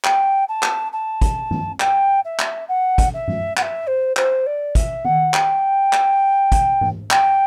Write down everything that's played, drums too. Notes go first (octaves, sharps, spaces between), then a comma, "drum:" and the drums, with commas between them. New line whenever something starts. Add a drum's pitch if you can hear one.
G5, drum: clap
A5
drum: clap
A5
drum: kick, hi-hat
drum: tom G2
G5, drum: clap
E5
drum: clap
F#5
drum: kick, hi-hat
E5
drum: tom G2
F#5, drum: clap
E5
C5
C5, drum: clap
D5
E5, drum: kick, hi-hat
F#5, drum: tom D#3
G5, drum: clap
drum: clap
drum: kick, hi-hat
drum: tom
G5, drum: clap